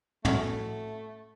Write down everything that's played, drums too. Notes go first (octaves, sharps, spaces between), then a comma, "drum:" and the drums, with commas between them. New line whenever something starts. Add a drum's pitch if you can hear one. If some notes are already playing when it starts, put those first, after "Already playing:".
A3 C#4 E4 F#4, drum: tom